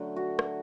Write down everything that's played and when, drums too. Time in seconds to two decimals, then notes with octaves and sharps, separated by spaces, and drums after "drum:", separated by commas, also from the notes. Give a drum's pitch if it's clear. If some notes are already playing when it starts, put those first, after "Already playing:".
Already playing: D3 F#3 A3
0.16 F#4
0.39 drum: rim click